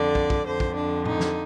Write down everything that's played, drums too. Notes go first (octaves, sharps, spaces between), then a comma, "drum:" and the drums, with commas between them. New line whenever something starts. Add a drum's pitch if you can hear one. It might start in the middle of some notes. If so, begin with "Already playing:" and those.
Already playing: F2 D3 D5
drum: kick
drum: kick
F2 D3 C5
drum: kick
D4
D#4, drum: tom A2
drum: snare